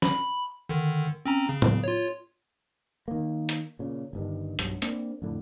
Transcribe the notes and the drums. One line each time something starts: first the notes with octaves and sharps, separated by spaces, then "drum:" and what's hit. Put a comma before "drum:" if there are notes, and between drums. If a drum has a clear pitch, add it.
B5, drum: snare
D3 D#3
C4 C#4 A#5
C#3
drum: tom
F4 C#5
D#3 A#3
drum: hi-hat
A#2 C#3
G1 G2 D#3
B1 G2 F#3, drum: hi-hat
A#3 C4 D4, drum: hi-hat
F2 A2 D3